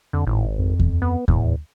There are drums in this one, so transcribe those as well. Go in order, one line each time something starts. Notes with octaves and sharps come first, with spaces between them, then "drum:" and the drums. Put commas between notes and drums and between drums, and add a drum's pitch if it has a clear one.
F2 D3
G#1 A2
F2
drum: kick D#2
B3
E2 A2, drum: kick D#2